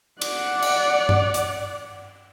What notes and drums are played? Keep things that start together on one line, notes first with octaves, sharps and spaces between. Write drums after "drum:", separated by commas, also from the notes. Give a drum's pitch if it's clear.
D5 F#5, drum: cymbal
drum: cymbal
drum: tom G2
drum: hi-hat